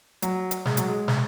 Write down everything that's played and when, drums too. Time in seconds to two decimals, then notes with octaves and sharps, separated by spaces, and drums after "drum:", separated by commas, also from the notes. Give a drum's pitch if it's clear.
0.22 F#3, drum: hi-hat
0.51 drum: hi-hat
0.65 G#3, drum: snare
0.77 F#3, drum: hi-hat
0.89 G#3
1.08 drum: snare